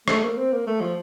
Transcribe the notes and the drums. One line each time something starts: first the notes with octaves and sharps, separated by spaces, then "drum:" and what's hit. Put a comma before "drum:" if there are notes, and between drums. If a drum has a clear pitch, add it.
A3, drum: rim click
A#3
C4
A#3
A3
F3